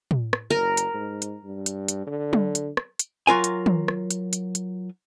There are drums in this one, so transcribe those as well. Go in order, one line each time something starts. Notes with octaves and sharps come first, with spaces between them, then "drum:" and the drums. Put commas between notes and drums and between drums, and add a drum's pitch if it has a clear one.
drum: tom
drum: rim click
F#1 A#4
drum: hi-hat
G#2
drum: hi-hat
G2
drum: hi-hat
drum: hi-hat
D3
drum: tom F#3
drum: hi-hat
drum: rim click
drum: hi-hat
F#3 F4 A#4 G#5
drum: hi-hat
drum: tom
drum: rim click
drum: hi-hat
drum: hi-hat
drum: hi-hat